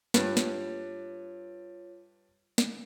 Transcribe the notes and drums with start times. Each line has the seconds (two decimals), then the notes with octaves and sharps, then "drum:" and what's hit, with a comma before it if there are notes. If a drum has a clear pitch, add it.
0.14 G2 F4 B4 C#5, drum: snare
0.37 drum: snare
2.58 drum: snare